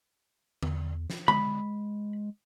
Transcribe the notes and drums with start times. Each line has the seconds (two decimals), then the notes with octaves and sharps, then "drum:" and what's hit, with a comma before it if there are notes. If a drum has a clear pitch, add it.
0.63 E2, drum: tom D3
1.10 drum: snare
1.28 G#3 B5, drum: tom D3